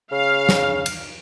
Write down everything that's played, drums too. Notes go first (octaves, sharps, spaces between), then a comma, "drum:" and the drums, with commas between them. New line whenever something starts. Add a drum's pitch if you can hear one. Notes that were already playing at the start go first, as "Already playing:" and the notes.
C#3 F5
drum: snare
drum: cymbal